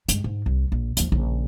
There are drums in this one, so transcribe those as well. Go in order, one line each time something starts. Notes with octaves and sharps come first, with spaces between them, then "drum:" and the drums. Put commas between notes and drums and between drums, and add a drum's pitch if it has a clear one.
G2 G#3, drum: hi-hat
G#2
C2
A#1
D#2 F3, drum: hi-hat
A#1 C#3